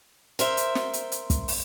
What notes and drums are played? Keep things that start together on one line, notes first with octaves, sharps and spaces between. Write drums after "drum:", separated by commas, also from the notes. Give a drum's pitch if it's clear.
A#4 C5 E5, drum: hi-hat
drum: hi-hat
drum: snare
drum: hi-hat
drum: hi-hat
drum: kick, hi-hat
drum: open hi-hat